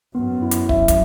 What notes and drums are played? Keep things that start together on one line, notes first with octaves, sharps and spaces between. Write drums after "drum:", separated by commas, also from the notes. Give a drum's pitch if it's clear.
F#2 B3
E4
drum: hi-hat
E5, drum: kick
drum: kick, hi-hat